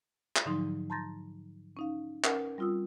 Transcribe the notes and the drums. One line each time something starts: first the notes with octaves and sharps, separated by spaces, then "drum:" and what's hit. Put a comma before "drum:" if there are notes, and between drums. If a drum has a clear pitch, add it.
drum: clap
G#2 D3 F3 F#3 D#4 C6
A5 A#5 C6 G6 A6 A#6
C#4 D#4 F5
C#4 A#4 B4 F#5 G#5, drum: clap
G3 C4 F4 D#6 E6